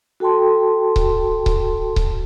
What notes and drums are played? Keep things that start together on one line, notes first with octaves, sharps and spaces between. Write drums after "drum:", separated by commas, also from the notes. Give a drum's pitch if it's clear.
F#4 A4 G5 A5 C6
drum: kick C#1
drum: kick C#1
drum: kick C#1